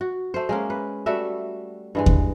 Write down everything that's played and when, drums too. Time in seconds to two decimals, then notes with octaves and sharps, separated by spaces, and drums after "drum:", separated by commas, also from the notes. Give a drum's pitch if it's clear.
0.01 F#4
0.34 A3 C5
0.49 G#3 A#3 C#4
0.70 B4
1.06 G3 A3 F#4 E5
1.95 G2 E3 G#3
2.06 drum: kick D#2